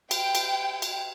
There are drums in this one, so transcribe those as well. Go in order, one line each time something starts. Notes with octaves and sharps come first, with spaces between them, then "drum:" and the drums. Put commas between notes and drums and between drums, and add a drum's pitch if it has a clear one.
G5, drum: cymbal
drum: cymbal
drum: cymbal